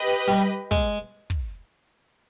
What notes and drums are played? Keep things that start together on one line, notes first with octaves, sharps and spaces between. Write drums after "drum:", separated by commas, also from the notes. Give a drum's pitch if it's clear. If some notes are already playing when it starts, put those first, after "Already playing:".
Already playing: G4 B4 D#5
G3
G#3, drum: kick
drum: kick